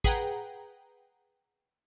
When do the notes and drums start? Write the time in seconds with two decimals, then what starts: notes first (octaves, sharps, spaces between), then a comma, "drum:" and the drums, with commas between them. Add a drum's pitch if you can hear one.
0.04 G#4 B4 F#5 G5 A#5, drum: kick